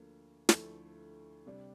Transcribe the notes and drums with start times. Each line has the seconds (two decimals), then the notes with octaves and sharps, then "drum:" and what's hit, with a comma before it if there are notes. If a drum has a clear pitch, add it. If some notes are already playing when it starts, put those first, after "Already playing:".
Already playing: D2 D3 F3 A#3
0.49 D2 D3 F3 A3 E4, drum: snare
1.46 C3 G3 D4